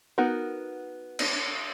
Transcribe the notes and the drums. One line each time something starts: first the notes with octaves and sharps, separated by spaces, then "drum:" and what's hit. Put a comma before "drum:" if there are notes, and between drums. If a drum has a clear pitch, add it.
B3 D#4 F#4 A#4 F#5
drum: cymbal